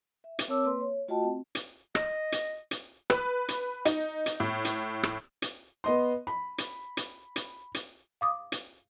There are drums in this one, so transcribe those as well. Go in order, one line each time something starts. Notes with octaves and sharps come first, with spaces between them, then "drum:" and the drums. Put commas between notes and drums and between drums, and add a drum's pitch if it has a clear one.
E5
drum: hi-hat
C4 A#4 C#5 A5 D6 E6
A#3 B4 C6
C#5
A3 F4 F#4 D#5 G5 A5
C4
drum: hi-hat
D#5, drum: rim click
drum: hi-hat
drum: hi-hat
B4, drum: rim click
drum: hi-hat
D#4, drum: hi-hat
drum: hi-hat
A2
drum: hi-hat
drum: rim click
drum: hi-hat
B3 D#5 C6
B5
drum: hi-hat
drum: hi-hat
drum: hi-hat
drum: hi-hat
F5 D6 D#6
drum: hi-hat